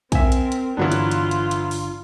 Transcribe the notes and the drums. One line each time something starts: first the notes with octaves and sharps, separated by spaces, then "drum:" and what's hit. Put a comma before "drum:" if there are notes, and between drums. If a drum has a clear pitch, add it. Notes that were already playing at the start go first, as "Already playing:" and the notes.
C4 A#4 E5 G#5, drum: kick, hi-hat
drum: hi-hat
drum: hi-hat
G1 E3 F#3 B3 D4 F4
drum: hi-hat
drum: hi-hat
drum: hi-hat
drum: hi-hat
drum: open hi-hat